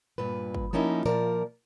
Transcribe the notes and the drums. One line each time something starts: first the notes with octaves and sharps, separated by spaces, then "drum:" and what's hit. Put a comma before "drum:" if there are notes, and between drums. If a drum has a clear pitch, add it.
G2 A#2 B4
drum: kick
F3 A#3 C#4 D#4 E4
A#2 F3 A#4 D5, drum: tambourine